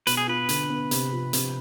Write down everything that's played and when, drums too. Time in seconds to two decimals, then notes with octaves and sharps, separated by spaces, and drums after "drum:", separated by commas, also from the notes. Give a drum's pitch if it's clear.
0.07 B2 B4, drum: hi-hat
0.17 G#4
0.28 F4 B4
0.49 D3, drum: hi-hat
0.70 B3
0.91 C3, drum: hi-hat
1.12 F3
1.33 C3, drum: hi-hat